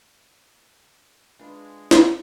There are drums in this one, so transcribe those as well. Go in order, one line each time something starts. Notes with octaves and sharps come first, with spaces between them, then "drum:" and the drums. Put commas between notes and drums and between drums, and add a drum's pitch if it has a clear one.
G#3 D4 F4 B4
drum: snare